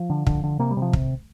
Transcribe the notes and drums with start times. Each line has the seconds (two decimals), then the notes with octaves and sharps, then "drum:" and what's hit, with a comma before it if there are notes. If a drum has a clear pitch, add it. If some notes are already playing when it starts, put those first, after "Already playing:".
Already playing: F3
0.10 D3
0.27 D3, drum: kick
0.44 D3
0.59 C3 A#3
0.71 G3
0.77 C3
0.82 F3
0.93 drum: kick